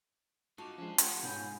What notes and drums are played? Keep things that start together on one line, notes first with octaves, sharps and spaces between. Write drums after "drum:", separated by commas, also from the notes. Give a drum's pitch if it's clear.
D#4 F4 F#4 A5 C#6 D6
F3 G#3 C#4 D4 C5
A3 F4 G4 F#5 G5, drum: hi-hat
G#2 B2 C#4 G#5 B5 G6